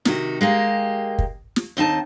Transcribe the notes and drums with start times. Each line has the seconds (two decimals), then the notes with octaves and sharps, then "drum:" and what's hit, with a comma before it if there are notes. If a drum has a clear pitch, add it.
0.05 C3 D#3 F#4, drum: snare
0.41 G#3 A#3 G4
1.18 drum: kick
1.56 drum: snare
1.77 D#2 C4 D#4 A5